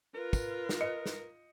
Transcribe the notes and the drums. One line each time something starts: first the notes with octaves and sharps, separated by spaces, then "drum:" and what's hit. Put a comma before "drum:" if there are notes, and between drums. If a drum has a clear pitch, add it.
F4 A#4 B4
drum: kick, tambourine
drum: snare
D#5 C#7
drum: snare